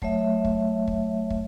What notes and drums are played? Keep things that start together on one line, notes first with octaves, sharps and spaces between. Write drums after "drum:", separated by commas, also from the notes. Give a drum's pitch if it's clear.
F#3 A3 C#5 E5, drum: kick
drum: kick
drum: kick
drum: kick